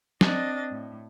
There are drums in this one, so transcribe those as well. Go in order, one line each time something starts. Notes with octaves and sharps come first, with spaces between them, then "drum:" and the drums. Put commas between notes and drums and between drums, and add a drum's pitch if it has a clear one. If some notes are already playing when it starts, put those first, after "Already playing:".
C4 D4 D#5 A6, drum: snare
A2